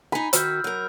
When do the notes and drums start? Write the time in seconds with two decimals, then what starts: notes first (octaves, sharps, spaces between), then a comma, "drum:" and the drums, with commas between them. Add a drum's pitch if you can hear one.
0.12 D#4 G#5 B5
0.33 D#3 F#4 E6 F6 G6, drum: hi-hat
0.64 F#3 A#4